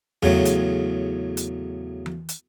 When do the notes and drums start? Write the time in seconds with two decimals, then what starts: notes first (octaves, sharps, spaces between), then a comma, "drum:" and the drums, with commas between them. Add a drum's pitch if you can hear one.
0.23 E2 A2 C#3 F#3, drum: tom E2
0.45 drum: hi-hat
1.37 drum: hi-hat
2.06 drum: tom E3
2.29 drum: hi-hat